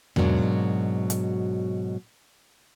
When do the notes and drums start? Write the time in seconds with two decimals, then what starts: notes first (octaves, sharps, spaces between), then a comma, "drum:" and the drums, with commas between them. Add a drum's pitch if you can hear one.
0.16 G#2 B2 F#3 A#3 D4, drum: tom E2
1.10 drum: hi-hat